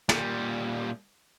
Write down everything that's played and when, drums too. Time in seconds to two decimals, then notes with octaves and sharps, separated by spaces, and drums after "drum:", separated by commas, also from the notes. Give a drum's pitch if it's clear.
0.09 A#2 G3, drum: snare